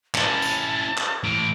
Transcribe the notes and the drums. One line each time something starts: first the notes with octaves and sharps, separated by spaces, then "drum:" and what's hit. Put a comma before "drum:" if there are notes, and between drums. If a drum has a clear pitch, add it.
C#4 E4 A5, drum: clap
drum: tambourine
drum: clap
A2 E3 D7